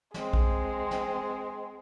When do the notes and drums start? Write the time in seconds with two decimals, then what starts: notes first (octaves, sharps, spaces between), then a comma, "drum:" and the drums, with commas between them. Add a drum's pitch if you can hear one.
0.14 G#3 C4, drum: snare
0.33 drum: kick A#1
0.91 drum: snare